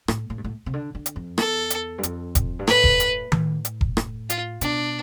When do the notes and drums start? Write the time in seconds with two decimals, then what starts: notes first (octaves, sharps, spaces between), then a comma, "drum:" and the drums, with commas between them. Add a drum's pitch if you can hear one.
0.08 A2, drum: rim click
0.30 A2
0.38 G2
0.44 A2
0.66 C3
0.73 D3
0.95 D3
1.06 drum: hi-hat
1.16 F2
1.38 E2 A4, drum: rim click
1.70 drum: hi-hat
1.98 G2
2.03 F2, drum: hi-hat
2.35 drum: kick E1, hi-hat
2.59 G2
2.68 A2 B4, drum: rim click
2.84 drum: kick E1
3.00 drum: hi-hat
3.32 A2, drum: tom D#3
3.65 drum: hi-hat
3.81 drum: kick E1
3.97 A2, drum: rim click
4.30 F4, drum: hi-hat
4.61 B2 D4, drum: hi-hat